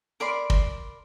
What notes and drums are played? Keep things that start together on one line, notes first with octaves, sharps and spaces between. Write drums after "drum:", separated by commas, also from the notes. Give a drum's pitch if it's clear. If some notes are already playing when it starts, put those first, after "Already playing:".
A#4 D5 B5 C6
drum: kick